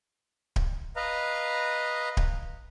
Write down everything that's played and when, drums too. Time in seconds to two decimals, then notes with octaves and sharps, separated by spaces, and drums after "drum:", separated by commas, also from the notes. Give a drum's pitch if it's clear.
0.56 drum: kick D1
0.96 B4 D#5 F5 A#5
2.17 drum: kick D1